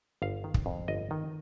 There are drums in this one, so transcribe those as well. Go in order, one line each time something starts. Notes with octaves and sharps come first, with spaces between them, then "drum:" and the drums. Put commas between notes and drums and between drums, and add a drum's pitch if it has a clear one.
G1 F5
D#3
drum: kick
F2
G1 D#5
D#3